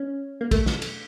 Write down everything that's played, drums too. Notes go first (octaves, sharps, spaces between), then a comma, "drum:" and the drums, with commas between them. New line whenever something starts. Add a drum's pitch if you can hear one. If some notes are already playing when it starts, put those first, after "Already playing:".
Already playing: C#4
A#3
A3, drum: kick, cymbal
drum: snare
drum: cymbal